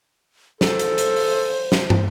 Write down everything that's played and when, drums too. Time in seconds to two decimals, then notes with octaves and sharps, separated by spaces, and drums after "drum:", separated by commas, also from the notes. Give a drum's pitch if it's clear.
0.61 A4 C5, drum: snare
0.79 drum: hi-hat
0.98 drum: hi-hat
1.16 drum: open hi-hat
1.72 drum: snare
1.90 drum: tom